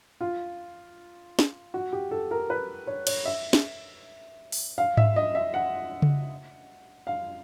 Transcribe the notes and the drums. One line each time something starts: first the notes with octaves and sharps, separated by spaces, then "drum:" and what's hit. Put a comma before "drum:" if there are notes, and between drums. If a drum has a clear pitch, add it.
F4
drum: snare
F#4
G4
A4
A#4
B4
C#5
C#5, drum: cymbal
E5
drum: snare
drum: open hi-hat
F5
E5, drum: tom G#2
D#5
E5
F#5
drum: tom C#3
F5